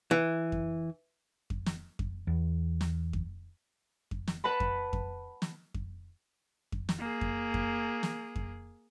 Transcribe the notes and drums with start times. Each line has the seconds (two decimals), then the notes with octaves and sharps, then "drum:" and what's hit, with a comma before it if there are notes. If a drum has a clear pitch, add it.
0.11 E3
0.52 drum: kick F2
1.50 drum: kick F2
1.66 drum: snare
1.99 drum: kick F2
2.27 E2
2.81 drum: snare
3.13 drum: kick F2
4.11 drum: kick F2
4.28 drum: snare
4.44 B4 F#5 A5 B5
4.60 drum: kick F2
4.93 drum: kick F2
5.42 drum: snare
5.74 drum: kick F2
6.72 drum: kick F2
6.89 drum: snare
6.99 A#3 G#4
7.21 drum: kick F2
7.54 drum: kick F2
8.03 drum: snare
8.36 drum: kick F2